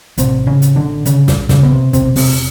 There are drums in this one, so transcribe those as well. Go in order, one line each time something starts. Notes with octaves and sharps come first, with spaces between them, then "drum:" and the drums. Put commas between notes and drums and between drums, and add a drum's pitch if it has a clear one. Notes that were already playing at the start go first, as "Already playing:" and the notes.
A1 A2 C3 C4, drum: hi-hat
C#3 C#4
drum: hi-hat
D3 D4
C#3 C#4, drum: hi-hat
drum: snare
C#3 C#4, drum: snare
B3
C3 C4
E1 E2 C3 C4, drum: kick, hi-hat
B2
C3 C4, drum: open hi-hat